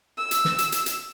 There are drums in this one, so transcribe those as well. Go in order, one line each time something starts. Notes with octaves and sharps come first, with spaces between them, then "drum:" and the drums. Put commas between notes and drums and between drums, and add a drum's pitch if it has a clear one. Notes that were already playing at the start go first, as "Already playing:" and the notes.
E6
drum: hi-hat
drum: snare
drum: hi-hat
drum: hi-hat
drum: hi-hat